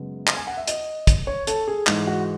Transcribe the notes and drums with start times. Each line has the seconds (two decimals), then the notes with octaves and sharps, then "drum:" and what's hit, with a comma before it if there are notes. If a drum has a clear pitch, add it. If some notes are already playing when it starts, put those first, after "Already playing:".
Already playing: F#2 C#3 G#3 B3
0.27 drum: clap
0.37 G#5
0.47 F#5
0.57 E5
0.67 D#5, drum: hi-hat
1.07 drum: kick, hi-hat
1.27 C#5
1.47 A4, drum: hi-hat
1.68 G#4
1.87 G#2 E3 G#3, drum: clap
2.07 F#4